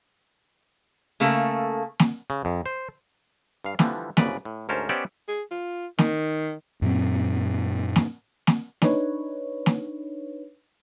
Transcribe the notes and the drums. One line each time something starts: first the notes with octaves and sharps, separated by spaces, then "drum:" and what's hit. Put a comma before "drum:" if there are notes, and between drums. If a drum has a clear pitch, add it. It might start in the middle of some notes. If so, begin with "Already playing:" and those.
C#3 A3 A#3 A4
drum: snare
C#3
F2
C5
G2 F5
D3 E3 F3 G3, drum: snare
C2 F#2 C#3 B4 D5, drum: snare
A2
D2 G#2 C#4 A#4 C5 A5
B3 C#4 G4 C5 D5 E5
G#4
F4
D#3, drum: snare
F#2 A#2 F#3 C4
drum: snare
drum: snare
D4 D#4 B4 C#5, drum: snare
drum: snare